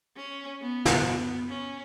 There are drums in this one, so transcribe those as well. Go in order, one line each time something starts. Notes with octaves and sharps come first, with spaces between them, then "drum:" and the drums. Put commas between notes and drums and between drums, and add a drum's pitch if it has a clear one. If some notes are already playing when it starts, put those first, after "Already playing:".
C#4
B3
drum: snare
B3
C#4